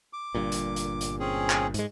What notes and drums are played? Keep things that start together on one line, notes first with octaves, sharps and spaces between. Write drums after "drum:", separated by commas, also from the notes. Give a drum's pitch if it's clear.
D6
G1 G2 A#2
drum: hi-hat
drum: hi-hat
drum: hi-hat
C4 C#4 G#4
drum: clap
G#2 G#3, drum: hi-hat